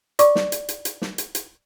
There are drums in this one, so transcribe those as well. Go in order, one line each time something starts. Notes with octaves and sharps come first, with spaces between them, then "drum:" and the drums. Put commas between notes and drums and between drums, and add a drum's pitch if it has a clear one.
D5 C#6 D6, drum: hi-hat
drum: snare
drum: hi-hat
drum: hi-hat
drum: hi-hat
drum: snare
drum: hi-hat
drum: hi-hat